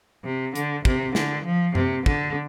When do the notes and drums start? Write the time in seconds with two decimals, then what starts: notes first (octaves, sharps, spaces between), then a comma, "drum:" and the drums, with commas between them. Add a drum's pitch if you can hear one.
0.24 C3
0.55 D3, drum: hi-hat
0.85 C3, drum: kick
1.15 D3, drum: snare
1.45 F3
1.75 C3, drum: tom F#2
2.06 D3, drum: kick